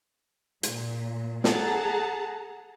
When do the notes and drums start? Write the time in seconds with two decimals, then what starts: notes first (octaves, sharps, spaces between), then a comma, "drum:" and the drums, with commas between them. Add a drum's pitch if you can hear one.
0.63 A#2, drum: hi-hat
1.44 G#4 A4 F#5 A5 A#5, drum: snare